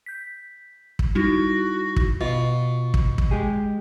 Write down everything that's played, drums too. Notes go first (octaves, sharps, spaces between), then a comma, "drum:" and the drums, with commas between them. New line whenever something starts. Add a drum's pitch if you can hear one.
G6 B6
drum: kick
G3 D#4 E4 F#4
drum: kick
B2 F4
drum: kick
drum: kick
G#3 G4 G#4